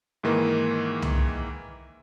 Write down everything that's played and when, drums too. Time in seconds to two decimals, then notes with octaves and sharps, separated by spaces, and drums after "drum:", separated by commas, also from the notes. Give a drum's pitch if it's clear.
0.23 G#2 D#3 E3 A#3
1.02 drum: tom C2